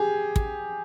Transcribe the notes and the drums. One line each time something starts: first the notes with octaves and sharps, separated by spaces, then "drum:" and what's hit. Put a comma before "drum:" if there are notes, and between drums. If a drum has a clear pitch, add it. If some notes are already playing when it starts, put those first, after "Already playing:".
Already playing: G4 G#4
drum: kick